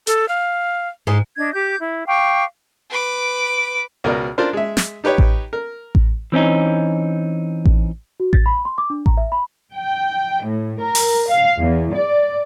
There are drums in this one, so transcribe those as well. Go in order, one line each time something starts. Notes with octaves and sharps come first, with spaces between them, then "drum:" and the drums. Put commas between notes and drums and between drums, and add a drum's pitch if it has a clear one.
A4, drum: hi-hat
F5
G#2 G#3
D4 D#5 G#6
G4 D6 G6
E4
F5 G5 C#6 D6
B4 D6
C#2 B2 A#4 D5
D4 F4 A#4 C5
G#3 E5
drum: snare
D#4 G4 B4 C#5 G5
drum: kick A1
A#4
drum: kick A1
E3 C4 C#4 D#4
drum: kick A1
F#4
A6, drum: kick A1
B5
C6
D6
D4
A#5, drum: kick A1
E5
B5
G5
A2
A#4
drum: open hi-hat
F5
E2
D5